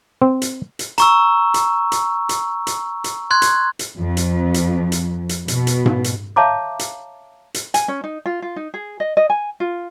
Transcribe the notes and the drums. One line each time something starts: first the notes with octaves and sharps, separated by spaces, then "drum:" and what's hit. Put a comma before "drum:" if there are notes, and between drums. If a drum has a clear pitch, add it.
C4
drum: hi-hat
drum: hi-hat
A#5 C#6 E6, drum: hi-hat
drum: hi-hat
drum: hi-hat
drum: hi-hat
drum: hi-hat
drum: hi-hat
C6 F#6 G#6
drum: hi-hat
drum: hi-hat
F2
drum: hi-hat
drum: hi-hat
drum: hi-hat
drum: hi-hat
B2, drum: hi-hat
drum: hi-hat
drum: tom G#2
drum: hi-hat
C#5 E5 F5 A5 A#5 D6
drum: hi-hat
drum: hi-hat
G#5, drum: hi-hat
C#4
D#4
F4
F4
D#4
G#4
D#5
D#5
G#5
F4